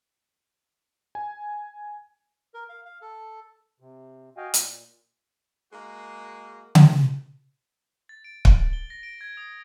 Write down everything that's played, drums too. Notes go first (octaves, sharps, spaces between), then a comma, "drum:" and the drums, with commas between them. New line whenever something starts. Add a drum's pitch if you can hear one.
G#5
A#4
F5
F5
A4
C3
F#4 D#5 F5 G5 G#5
A#2, drum: hi-hat
G#3 A#3 F#4
drum: tom C#3
A6
D7
F#7, drum: kick
G7
A#6
D7
G#6
D#6